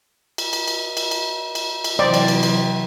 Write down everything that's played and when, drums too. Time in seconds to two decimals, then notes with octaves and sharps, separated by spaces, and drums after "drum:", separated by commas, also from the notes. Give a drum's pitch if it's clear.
0.38 drum: cymbal
0.53 drum: cymbal
0.68 drum: cymbal
0.97 drum: cymbal
1.11 drum: cymbal
1.55 drum: cymbal
1.84 drum: cymbal
1.99 C3 E3 F#3 C5 D5 D#5 G5
2.14 drum: cymbal
2.28 drum: cymbal
2.43 drum: cymbal